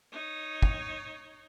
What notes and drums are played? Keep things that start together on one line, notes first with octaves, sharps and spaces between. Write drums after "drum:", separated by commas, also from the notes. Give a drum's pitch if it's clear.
D#4 C#5
drum: kick